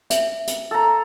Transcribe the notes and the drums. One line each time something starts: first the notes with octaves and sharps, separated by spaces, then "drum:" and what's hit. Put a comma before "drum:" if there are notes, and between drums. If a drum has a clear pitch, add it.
E5, drum: hi-hat
drum: hi-hat
A4 A#5